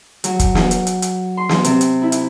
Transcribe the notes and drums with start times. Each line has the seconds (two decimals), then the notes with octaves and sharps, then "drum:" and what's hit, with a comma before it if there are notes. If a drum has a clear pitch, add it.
0.24 F#3, drum: hi-hat
0.40 drum: kick, hi-hat
0.55 drum: snare
0.71 drum: hi-hat
0.87 drum: hi-hat
1.02 drum: hi-hat
1.37 C6
1.49 drum: snare
1.64 C3, drum: hi-hat
1.81 drum: hi-hat
2.02 E4
2.12 drum: hi-hat